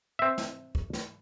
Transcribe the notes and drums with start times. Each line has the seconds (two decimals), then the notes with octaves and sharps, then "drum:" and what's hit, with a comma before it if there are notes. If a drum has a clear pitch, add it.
0.19 C4 E5
0.38 drum: snare
0.75 drum: kick
0.93 drum: snare